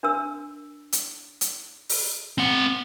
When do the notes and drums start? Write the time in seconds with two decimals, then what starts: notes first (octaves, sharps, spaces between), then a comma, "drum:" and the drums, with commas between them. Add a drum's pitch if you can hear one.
0.03 D4 A#4 E6
0.92 drum: hi-hat
1.41 drum: hi-hat
1.89 drum: open hi-hat
2.38 C4 F#5